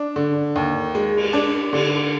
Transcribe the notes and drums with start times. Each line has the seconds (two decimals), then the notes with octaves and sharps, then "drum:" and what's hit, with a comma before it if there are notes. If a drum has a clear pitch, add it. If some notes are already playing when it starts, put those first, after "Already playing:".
Already playing: D4
0.16 D3
0.56 D#2
0.95 G#3
1.17 drum: cymbal
1.33 D4
1.73 D3, drum: cymbal